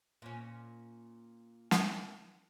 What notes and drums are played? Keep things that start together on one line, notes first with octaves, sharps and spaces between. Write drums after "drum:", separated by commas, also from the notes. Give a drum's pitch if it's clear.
A#2 C#4
drum: snare